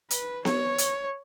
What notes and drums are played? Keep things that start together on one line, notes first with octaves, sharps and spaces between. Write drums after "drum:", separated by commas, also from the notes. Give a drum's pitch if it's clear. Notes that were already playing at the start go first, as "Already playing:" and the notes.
B4, drum: hi-hat
C#5, drum: snare B3
drum: hi-hat